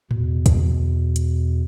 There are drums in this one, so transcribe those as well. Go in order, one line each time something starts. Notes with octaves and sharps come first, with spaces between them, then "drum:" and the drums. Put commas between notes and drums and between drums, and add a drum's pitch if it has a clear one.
E2 B2, drum: tom A2
drum: kick, hi-hat
drum: hi-hat